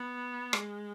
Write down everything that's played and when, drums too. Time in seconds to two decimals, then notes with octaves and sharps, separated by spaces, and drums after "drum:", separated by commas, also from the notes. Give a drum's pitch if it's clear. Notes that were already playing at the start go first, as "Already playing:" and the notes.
Already playing: B3
0.53 G#3, drum: rim click